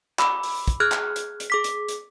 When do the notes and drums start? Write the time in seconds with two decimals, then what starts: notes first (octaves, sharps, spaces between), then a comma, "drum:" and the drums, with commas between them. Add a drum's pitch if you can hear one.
0.19 B5 D6 E6, drum: clap
0.43 drum: open hi-hat
0.68 drum: kick, hi-hat
0.80 G#4 F6 F#6 G#6
0.92 drum: clap
1.16 drum: hi-hat
1.40 drum: hi-hat
1.50 G#4 D6 B6
1.64 drum: hi-hat
1.88 drum: hi-hat